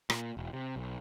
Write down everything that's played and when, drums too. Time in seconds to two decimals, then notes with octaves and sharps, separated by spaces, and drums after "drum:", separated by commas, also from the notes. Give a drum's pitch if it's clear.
0.10 A#2, drum: rim click
0.37 E1
0.53 C3
0.76 B1